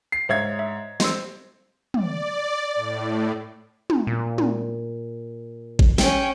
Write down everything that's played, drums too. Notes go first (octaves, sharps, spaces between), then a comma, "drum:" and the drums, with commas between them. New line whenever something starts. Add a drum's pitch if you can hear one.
C7
G#2 C5 C#5 E5 F5 G#6
E5
C4 D#5 C6 E6, drum: snare
D5, drum: tom
A2
drum: tom
A#2
drum: tom
drum: kick G#1
C#4 G5, drum: snare